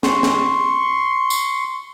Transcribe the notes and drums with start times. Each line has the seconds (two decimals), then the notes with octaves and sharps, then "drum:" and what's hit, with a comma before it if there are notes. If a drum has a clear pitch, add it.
0.03 C6 C#6, drum: snare
0.23 drum: snare
1.30 drum: tambourine